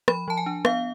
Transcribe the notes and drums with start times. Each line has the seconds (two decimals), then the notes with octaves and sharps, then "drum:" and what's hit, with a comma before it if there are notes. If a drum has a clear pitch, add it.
0.08 F3 B5, drum: rim click
0.28 F3 A5
0.37 G#5
0.46 D4
0.65 B3 F5, drum: rim click